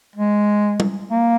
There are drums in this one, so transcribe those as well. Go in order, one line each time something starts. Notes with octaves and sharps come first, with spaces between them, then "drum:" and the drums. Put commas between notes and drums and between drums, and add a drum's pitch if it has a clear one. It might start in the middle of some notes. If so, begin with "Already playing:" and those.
G#3
drum: tom
A#3